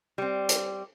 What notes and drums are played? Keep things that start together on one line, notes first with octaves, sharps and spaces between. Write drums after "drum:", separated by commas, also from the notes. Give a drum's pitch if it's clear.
G3 C4
drum: hi-hat